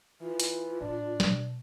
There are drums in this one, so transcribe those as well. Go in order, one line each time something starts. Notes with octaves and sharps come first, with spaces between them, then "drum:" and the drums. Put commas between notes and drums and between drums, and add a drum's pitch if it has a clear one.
E3 F4
drum: hi-hat
A2 D4
B2 G#3, drum: snare